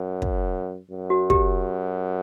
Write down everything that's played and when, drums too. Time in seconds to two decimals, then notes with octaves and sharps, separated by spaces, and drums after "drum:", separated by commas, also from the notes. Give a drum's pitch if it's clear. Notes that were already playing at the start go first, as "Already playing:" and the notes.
Already playing: F#2
0.22 drum: kick
0.91 F#2
1.10 F#4
1.30 G4, drum: kick